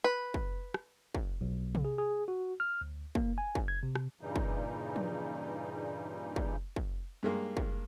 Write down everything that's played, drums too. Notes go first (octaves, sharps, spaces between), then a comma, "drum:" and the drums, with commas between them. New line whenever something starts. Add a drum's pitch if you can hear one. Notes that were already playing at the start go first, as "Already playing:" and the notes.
B4
drum: kick
drum: rim click
drum: kick
B1
drum: tom C3
G#4
G#4
F#4
F6
D2
A#3, drum: kick
G#5
drum: kick
G#6
C3
drum: rim click
G2 A#2 C#3 E3 G3 D#4
drum: kick
drum: tom F3
drum: kick
drum: kick
G2 G#3 A#3
drum: kick